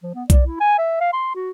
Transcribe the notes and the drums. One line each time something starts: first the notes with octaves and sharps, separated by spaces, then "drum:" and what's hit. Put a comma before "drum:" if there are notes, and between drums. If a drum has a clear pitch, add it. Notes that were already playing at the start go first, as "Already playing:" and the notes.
F3
B3
D5, drum: kick B1, hi-hat
E4
G#5
E5
F5
C6
F#4